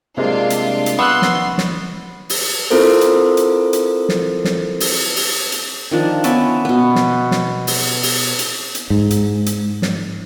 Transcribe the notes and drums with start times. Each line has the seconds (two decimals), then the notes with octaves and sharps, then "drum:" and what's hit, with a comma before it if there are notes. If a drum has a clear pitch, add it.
0.17 C3 G3 G#3 A#3 D4 F4
0.50 drum: hi-hat
0.86 drum: hi-hat
0.99 B3 C6 C#6 E6 F#6
1.22 drum: snare
1.58 drum: snare
2.29 drum: open hi-hat
2.70 C4 E4 F4 A4 A#4 C5
3.01 drum: hi-hat
3.37 drum: hi-hat
3.73 drum: hi-hat
4.09 drum: snare
4.45 drum: snare
4.80 drum: open hi-hat
5.16 drum: open hi-hat
5.52 drum: hi-hat
5.91 D#3 F3 D4
6.24 B3 C#4 D5 E5, drum: hi-hat
6.65 B2 B3
6.95 drum: snare
7.31 drum: snare
7.67 drum: open hi-hat
8.03 drum: open hi-hat
8.39 drum: hi-hat
8.75 drum: hi-hat
8.90 G#2
9.11 drum: hi-hat
9.46 drum: hi-hat
9.82 drum: snare